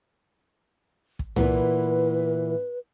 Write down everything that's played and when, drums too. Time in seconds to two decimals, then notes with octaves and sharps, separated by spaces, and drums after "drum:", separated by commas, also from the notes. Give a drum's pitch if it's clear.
1.19 drum: kick
1.36 A#2 E3 B3 B4, drum: tom C2